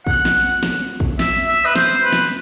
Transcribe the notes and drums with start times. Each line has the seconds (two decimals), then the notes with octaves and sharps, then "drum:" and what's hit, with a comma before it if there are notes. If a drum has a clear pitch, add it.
0.07 F#5, drum: kick
0.25 drum: snare
0.63 drum: snare
1.00 drum: kick
1.19 E5, drum: snare
1.47 E5
1.65 B4
1.76 C5, drum: snare
2.04 B4
2.13 drum: snare